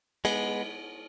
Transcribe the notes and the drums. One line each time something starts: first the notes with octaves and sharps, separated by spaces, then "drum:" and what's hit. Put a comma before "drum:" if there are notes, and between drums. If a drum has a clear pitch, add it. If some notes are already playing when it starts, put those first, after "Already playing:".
G#3 B3, drum: cymbal